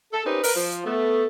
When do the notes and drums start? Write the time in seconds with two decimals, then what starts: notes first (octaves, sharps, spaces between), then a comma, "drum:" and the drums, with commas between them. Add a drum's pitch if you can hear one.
0.13 A4
0.26 C4 C#4 D#4 G4 A#4 B4
0.44 A#4 B4, drum: open hi-hat
0.56 F3
0.86 A3 B3